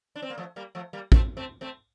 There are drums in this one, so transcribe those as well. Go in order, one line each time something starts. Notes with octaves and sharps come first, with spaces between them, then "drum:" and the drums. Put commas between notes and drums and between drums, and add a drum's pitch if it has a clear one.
D4
C4
A#3
F3 A3
G3 A#3
F3 A3
G3 A#3
A3 C4, drum: kick
A3 C4
A3 C4